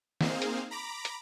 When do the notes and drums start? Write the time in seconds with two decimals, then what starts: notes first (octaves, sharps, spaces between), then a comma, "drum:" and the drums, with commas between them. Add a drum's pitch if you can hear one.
0.21 A#3 C4 D#4 G#4 C5 F5, drum: snare
0.42 drum: hi-hat
0.71 A#5 B5 D6
1.05 drum: hi-hat